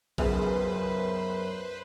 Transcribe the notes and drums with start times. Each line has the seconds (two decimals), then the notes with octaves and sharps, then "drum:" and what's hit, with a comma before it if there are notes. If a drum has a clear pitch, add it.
0.18 C#2 F#2 B3 G#4 B4 C5, drum: kick A#1